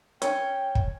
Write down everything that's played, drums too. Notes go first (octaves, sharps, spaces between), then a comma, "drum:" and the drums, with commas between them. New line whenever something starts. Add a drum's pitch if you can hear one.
C#4 G5, drum: hi-hat
drum: kick